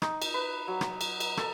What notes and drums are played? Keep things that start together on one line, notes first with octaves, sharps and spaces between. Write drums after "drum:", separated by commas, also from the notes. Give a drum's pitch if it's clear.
D#4, drum: rim click
drum: cymbal
B4
F#3
drum: rim click
drum: cymbal
drum: cymbal
A4, drum: rim click